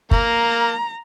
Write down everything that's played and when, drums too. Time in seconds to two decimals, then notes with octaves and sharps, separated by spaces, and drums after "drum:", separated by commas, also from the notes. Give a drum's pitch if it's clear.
0.11 A#3 A#5, drum: kick